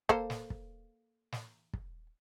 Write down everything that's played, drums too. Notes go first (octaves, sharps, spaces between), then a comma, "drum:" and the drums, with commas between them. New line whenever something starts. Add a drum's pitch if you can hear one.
A#3 A4 C5, drum: kick
drum: snare
drum: kick
drum: snare
drum: kick